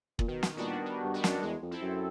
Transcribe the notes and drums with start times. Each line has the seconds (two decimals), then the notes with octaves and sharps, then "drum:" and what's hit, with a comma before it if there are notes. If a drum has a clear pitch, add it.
0.19 A#2, drum: kick
0.27 B2 D#3
0.43 drum: snare
0.56 A#2 G3 B3 D4 F#4
0.85 D#3
1.04 G2
1.14 G3 B3 D4 F#4
1.24 F#2, drum: snare
1.42 E2 G#3
1.62 F2
1.71 C4 E4 A4
1.81 F#2